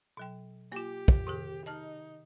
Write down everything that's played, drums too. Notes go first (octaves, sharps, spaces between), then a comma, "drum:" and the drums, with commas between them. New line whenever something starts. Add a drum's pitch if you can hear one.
B2 F#3 G5
A#3 F4 G4
drum: kick
C3 D#3 G#4
D#4 D#5 A5 F6